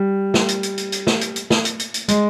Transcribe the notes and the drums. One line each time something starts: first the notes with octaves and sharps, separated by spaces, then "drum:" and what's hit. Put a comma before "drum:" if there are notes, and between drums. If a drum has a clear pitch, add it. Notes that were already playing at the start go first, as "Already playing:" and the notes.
Already playing: G3
drum: snare
drum: hi-hat
drum: hi-hat
drum: hi-hat
drum: hi-hat
drum: snare
drum: hi-hat
drum: hi-hat
drum: snare
drum: hi-hat
drum: hi-hat
drum: hi-hat
G#3, drum: hi-hat